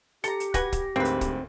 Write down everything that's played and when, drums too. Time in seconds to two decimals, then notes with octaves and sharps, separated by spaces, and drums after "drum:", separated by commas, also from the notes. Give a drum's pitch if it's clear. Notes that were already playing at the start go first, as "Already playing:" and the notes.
0.24 G4 A4 A#5 C#7, drum: hi-hat
0.40 drum: hi-hat
0.54 F#4 B4 G#5 A#6, drum: kick, hi-hat
0.72 drum: kick, hi-hat
0.96 D2 G#2 A#3 C4 B4
1.05 drum: hi-hat
1.21 drum: kick, hi-hat